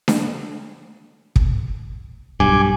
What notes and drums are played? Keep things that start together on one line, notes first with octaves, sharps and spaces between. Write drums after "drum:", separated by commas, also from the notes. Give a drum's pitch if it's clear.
drum: snare D4
drum: kick
B1 G2 G#5 D6